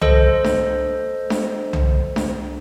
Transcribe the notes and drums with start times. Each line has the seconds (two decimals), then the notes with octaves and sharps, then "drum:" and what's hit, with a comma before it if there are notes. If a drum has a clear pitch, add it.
0.01 A4 C5 D#5, drum: tom C2
0.44 drum: snare D4
1.30 drum: snare D4
1.73 drum: tom C2
2.16 drum: snare D4